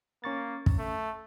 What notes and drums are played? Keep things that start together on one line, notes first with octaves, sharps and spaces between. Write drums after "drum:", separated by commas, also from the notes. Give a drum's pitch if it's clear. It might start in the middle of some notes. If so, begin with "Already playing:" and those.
A#3 C#4 C#6 A6
drum: kick
A3